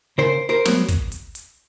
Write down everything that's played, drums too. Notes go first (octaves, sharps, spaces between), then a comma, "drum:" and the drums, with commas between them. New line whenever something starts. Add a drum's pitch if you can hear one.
C#3 A#4 C5
A#4 C5
F#3 B3, drum: snare
drum: kick, hi-hat
drum: hi-hat
drum: hi-hat